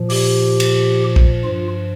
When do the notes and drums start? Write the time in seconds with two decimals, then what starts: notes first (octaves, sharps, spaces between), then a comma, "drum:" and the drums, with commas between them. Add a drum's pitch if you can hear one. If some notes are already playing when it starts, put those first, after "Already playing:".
Already playing: A#2 F3
0.10 G4, drum: open hi-hat
0.60 drum: cymbal
1.16 drum: kick
1.44 G2 F3 F4